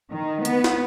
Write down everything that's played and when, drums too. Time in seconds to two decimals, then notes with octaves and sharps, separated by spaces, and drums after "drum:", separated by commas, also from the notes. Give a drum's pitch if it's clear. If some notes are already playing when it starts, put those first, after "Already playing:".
0.11 D#3
0.45 B3, drum: hi-hat
0.64 drum: snare